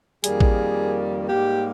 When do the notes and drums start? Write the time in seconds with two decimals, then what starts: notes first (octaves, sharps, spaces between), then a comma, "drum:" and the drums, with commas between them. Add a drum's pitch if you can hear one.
0.24 F2 D#3 G3 A#3 G#4, drum: hi-hat
0.40 drum: kick A1
1.29 G#2 G3 A#3 G4